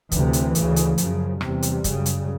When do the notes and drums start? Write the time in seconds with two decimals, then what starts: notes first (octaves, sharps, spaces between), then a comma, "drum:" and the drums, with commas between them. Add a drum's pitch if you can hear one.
0.12 D2 C3 E3, drum: kick, hi-hat
0.33 drum: hi-hat
0.55 D2 C#3, drum: hi-hat
0.76 drum: hi-hat
0.98 F#2 C#3 F3, drum: hi-hat
1.41 E2 C3 G3, drum: rim click
1.62 drum: hi-hat
1.84 F#2 C#3, drum: kick, hi-hat
2.06 drum: hi-hat